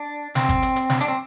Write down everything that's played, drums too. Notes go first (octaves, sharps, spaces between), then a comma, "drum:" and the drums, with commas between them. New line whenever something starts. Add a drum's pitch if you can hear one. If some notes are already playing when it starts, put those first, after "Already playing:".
Already playing: D4
C4, drum: snare
drum: kick G1, hi-hat
drum: hi-hat
drum: hi-hat
drum: snare
D4, drum: hi-hat
C4